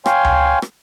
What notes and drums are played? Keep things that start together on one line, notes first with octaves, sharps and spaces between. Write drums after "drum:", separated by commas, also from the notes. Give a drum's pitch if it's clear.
C#5 F5 G5 G#5 C6, drum: rim click
drum: tom C#2
drum: rim click